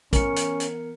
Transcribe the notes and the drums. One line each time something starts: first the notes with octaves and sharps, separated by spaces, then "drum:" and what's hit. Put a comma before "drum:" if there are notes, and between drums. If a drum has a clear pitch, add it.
E3 B3 C#4 A#4 C#7, drum: kick A#1, hi-hat
drum: hi-hat
drum: hi-hat